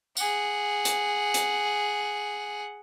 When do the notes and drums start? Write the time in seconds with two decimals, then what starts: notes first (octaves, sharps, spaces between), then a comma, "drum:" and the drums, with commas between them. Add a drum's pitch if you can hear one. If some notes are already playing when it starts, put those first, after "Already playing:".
0.17 G#4 F#5, drum: tambourine
0.85 drum: hi-hat
1.34 drum: hi-hat